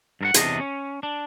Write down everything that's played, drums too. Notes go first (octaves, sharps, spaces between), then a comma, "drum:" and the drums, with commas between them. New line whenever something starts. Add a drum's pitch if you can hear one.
G2 A#4 F#5
E2 C3 D4 D#5, drum: hi-hat
C#4
D4